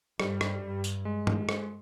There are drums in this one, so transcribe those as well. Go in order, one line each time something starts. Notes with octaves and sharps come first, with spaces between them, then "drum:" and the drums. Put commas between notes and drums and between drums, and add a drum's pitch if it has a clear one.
G2 G3, drum: rim click
drum: rim click
G2
drum: tambourine
G#3
drum: tom G2
drum: rim click